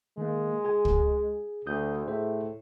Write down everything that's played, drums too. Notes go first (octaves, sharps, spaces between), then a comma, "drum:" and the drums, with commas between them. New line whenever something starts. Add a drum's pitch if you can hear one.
D#3 G#3 A#3
G#4 G#5
drum: kick
D2 D#6 G6
A2 G#4 C5 E5